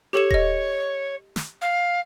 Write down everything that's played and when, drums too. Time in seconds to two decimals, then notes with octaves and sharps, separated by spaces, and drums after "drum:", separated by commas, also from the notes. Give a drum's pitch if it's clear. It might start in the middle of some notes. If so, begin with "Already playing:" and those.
0.13 G4 A4 C#5 E7
0.31 D#5 A#6, drum: kick D#1
1.36 drum: snare
1.61 F5